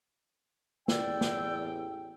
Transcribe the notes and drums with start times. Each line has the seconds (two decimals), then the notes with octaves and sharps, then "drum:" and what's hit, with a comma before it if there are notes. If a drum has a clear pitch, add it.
0.88 A1 E2 D5 G5 E6, drum: snare
1.21 drum: snare